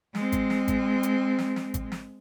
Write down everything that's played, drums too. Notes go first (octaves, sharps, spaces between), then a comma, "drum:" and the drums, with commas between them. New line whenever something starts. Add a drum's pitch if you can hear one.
G#3 C4, drum: snare
drum: kick G#1, hi-hat
drum: snare
drum: kick G#1, hi-hat
drum: hi-hat
drum: snare
drum: snare
drum: kick G#1, hi-hat
drum: snare